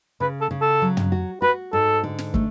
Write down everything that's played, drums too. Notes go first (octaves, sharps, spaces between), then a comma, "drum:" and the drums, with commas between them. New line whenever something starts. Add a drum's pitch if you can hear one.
C#3 B4
A4
C#3
A4
F#3
drum: tom
F#4
F#4 B4
G#2 A4
D3
drum: snare
A3, drum: kick